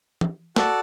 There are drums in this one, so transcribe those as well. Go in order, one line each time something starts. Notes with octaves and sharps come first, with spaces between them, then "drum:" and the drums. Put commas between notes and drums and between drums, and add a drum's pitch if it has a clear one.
drum: tom
F#4 A4 D5 A5, drum: snare